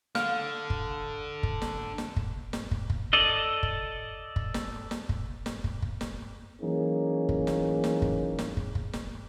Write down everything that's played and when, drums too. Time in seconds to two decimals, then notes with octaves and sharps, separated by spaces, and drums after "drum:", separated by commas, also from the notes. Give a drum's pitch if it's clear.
0.15 D3 F5 F6, drum: snare
0.70 drum: kick
1.43 drum: kick
1.62 drum: snare
1.98 drum: snare
2.16 drum: kick
2.53 drum: snare
2.71 drum: kick
2.90 drum: kick
3.13 A4 D5 D#5
3.63 drum: kick
4.36 drum: kick
4.54 drum: snare
4.91 drum: snare
5.09 drum: kick
5.46 drum: snare
5.64 drum: kick
5.82 drum: kick
6.01 drum: snare
6.61 E3 F#3 A#3 C#4 D#4 G#4
7.29 drum: kick
7.47 drum: snare
7.84 drum: snare
8.02 drum: kick
8.39 drum: snare
8.57 drum: kick
8.75 drum: kick
8.93 drum: snare